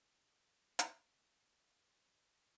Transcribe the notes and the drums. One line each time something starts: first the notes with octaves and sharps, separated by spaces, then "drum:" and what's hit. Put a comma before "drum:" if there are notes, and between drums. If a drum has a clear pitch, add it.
drum: hi-hat
B3 E4 E5
G#5 C6 F#6